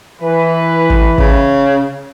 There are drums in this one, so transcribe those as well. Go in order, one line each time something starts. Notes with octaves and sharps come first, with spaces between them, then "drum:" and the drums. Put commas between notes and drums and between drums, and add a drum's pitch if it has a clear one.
E3 B4
drum: kick
C#3, drum: kick